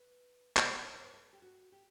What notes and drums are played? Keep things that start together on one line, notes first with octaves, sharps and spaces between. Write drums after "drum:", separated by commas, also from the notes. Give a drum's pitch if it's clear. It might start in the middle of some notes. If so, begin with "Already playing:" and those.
Already playing: B4
C#5, drum: clap
C#5
C#5
B4
A4
G4
F#4
G4